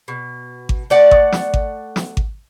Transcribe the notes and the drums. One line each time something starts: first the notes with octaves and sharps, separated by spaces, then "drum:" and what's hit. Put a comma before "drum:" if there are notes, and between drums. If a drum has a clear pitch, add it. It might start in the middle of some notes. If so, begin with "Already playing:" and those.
B2
drum: kick G#1
A3 D5 F#5
drum: kick G#1
drum: snare
drum: kick G#1
drum: snare
drum: kick G#1